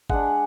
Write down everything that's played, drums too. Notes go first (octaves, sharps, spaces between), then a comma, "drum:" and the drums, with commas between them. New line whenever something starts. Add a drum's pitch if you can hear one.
G#3 D4 F#5, drum: kick